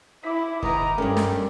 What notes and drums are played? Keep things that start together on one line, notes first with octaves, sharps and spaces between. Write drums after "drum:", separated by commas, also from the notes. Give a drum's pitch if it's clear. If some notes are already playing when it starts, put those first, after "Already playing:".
E4 D6 B6
D#3 B3 D#5 A#5, drum: kick F1
G2 C#4 G4 A4 A#4
drum: snare